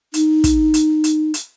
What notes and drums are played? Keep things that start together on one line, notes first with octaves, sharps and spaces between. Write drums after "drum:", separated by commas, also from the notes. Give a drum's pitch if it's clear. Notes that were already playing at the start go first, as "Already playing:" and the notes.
D#4, drum: hi-hat
drum: kick, hi-hat
drum: hi-hat
drum: hi-hat
drum: hi-hat